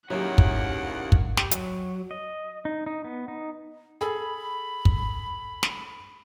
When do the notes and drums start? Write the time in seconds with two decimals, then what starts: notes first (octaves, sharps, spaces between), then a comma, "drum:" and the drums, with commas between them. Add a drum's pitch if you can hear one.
0.10 D#2 C#3 F#3 A#3 D#4 E4 G4 F#5
0.38 drum: kick
1.12 drum: kick
1.37 G4, drum: snare
1.51 F#3, drum: hi-hat
2.11 D#5
2.65 D#4
2.86 D#4
3.04 B3
3.28 D#4
4.01 G#4 A4 B5
4.85 drum: kick
5.63 drum: snare